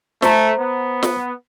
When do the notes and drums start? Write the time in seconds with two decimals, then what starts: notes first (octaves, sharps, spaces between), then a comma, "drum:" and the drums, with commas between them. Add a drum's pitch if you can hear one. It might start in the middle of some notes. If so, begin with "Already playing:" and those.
0.22 A3 C5 A#5, drum: snare
0.59 B3
1.03 drum: snare